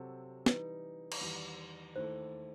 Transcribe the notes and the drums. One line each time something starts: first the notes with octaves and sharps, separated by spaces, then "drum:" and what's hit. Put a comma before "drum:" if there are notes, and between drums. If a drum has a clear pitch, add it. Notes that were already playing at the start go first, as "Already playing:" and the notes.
Already playing: C3 F#3 C4 F#4 A4
E3 G3 D#4 B4, drum: snare
drum: cymbal
E2 D#3 G3
D#2 D#3 A3 E4 A4 C5